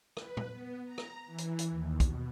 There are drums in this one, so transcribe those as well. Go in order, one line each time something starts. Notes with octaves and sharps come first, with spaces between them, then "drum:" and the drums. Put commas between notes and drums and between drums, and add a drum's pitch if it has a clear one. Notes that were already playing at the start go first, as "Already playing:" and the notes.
B4, drum: rim click
drum: tom A#2
B3
A#5
drum: rim click
E3
drum: hi-hat
drum: hi-hat
D#2
B2, drum: kick, hi-hat